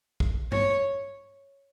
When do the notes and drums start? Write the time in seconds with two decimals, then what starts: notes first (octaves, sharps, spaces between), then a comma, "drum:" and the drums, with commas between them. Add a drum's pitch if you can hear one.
0.20 drum: kick A1
0.52 C#5, drum: tom G2